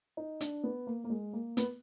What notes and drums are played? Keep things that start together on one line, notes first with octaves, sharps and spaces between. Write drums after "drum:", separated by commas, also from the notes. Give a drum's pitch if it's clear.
D#4
D4, drum: hi-hat
B3
A#3
A#3
G#3
A#3
B3, drum: hi-hat